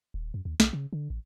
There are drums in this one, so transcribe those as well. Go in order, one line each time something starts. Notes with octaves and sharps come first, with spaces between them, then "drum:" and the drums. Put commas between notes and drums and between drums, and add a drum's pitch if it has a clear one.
D#1
F#2
D#2
B1, drum: snare
C#3
D3
A1